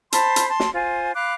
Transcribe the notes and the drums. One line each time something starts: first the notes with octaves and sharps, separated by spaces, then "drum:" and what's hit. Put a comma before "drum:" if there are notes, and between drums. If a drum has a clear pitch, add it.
C5 A5 B5 C6, drum: hi-hat
drum: hi-hat
A5 C6
drum: snare
F4 C5 G#5
F5 B5 D6 F#6